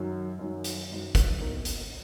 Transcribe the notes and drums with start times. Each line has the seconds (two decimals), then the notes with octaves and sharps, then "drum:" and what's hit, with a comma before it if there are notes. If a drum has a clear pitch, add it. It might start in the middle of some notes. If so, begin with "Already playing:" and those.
Already playing: F#2 D#3 F#3
0.39 F#2 D#3 F#3
0.64 drum: hi-hat
0.90 F#2 D#3 F#3
1.15 drum: kick, hi-hat
1.40 B2 A#3 D#4 A#4
1.65 drum: hi-hat